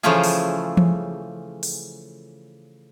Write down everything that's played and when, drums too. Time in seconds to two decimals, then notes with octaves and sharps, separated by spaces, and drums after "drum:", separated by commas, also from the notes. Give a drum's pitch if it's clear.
0.03 C#3 E3 F3 A3 F4 G#4
0.24 drum: open hi-hat
0.77 drum: tom E3
1.63 drum: open hi-hat